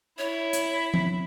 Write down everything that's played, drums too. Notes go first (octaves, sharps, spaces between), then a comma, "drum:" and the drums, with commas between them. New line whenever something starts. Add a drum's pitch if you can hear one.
E4 C#5
drum: hi-hat
drum: tom F3